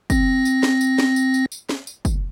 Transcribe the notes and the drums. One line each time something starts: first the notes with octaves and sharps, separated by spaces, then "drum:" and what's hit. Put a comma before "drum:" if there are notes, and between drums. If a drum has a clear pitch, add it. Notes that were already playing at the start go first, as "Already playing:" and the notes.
C4 A#6, drum: kick, tambourine
drum: tambourine
drum: snare
drum: tambourine
drum: snare
drum: tambourine
drum: tambourine
drum: tambourine
drum: snare
drum: tambourine
drum: kick, tambourine